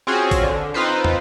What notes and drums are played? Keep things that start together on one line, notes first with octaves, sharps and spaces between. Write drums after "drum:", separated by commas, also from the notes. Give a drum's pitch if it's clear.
C4 C#4 F4 F#4 G#4
drum: kick, open hi-hat
D3
C4 D#4 F4 B4 C5
drum: tom